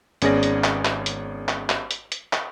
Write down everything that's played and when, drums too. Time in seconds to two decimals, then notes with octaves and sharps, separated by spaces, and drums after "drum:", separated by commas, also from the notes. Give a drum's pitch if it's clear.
0.22 G#1 B3 C#4 G#4 D5 A#6, drum: hi-hat
0.43 drum: hi-hat
0.64 drum: clap
0.85 drum: clap
1.06 drum: hi-hat
1.48 drum: clap
1.70 drum: clap
1.91 drum: hi-hat
2.12 drum: hi-hat
2.33 drum: clap